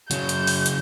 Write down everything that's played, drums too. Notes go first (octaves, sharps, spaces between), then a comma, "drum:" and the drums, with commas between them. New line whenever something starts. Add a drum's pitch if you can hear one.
C#3 F#3 G6, drum: hi-hat
drum: hi-hat
drum: open hi-hat
drum: hi-hat